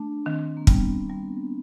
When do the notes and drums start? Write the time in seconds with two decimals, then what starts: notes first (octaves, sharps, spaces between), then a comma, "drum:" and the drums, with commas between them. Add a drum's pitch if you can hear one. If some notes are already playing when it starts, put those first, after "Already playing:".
Already playing: A3 D4
0.26 D#3 C4
0.57 A#3
0.67 G3 B3, drum: kick
1.09 G3 A#3